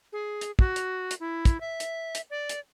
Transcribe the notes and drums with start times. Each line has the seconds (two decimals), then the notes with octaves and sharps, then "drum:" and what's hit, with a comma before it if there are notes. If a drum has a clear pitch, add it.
0.13 G#4
0.41 drum: hi-hat
0.59 F#4, drum: kick
0.76 drum: hi-hat
1.11 drum: hi-hat
1.20 E4
1.45 drum: kick, hi-hat
1.61 E5
1.80 drum: hi-hat
2.15 drum: hi-hat
2.30 D5
2.49 drum: hi-hat